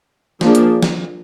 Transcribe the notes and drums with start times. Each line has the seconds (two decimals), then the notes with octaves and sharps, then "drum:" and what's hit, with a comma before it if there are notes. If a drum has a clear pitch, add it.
0.41 F3 A#3 D4 G#4, drum: snare
0.55 drum: hi-hat
0.83 drum: snare